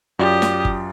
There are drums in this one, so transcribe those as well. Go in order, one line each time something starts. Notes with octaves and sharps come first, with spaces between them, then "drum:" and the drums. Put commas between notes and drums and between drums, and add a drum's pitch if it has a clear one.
F#2 F4 G4 D5 D#6
drum: snare
drum: kick G1